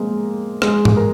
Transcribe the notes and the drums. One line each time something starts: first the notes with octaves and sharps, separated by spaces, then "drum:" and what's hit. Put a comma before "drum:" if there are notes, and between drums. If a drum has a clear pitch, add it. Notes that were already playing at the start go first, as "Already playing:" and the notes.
Already playing: G#3 A#3 C4
G#3, drum: rim click
drum: tom G#2
A#4